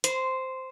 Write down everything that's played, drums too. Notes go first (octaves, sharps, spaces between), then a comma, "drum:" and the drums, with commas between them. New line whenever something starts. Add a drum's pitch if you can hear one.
C5, drum: hi-hat